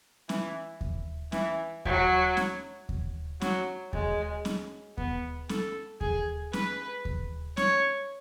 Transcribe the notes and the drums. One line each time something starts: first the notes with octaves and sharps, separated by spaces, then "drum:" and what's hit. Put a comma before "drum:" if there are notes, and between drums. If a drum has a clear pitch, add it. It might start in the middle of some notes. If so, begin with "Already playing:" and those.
E3, drum: snare
drum: kick D#2
E3, drum: snare
F#3, drum: kick D#2
drum: snare
drum: kick D#2
F#3, drum: snare
G#3, drum: kick D#2
drum: snare
B3, drum: kick D#2
A4, drum: snare
G#4, drum: kick D#2
B4, drum: snare
drum: kick D#2
C#5, drum: snare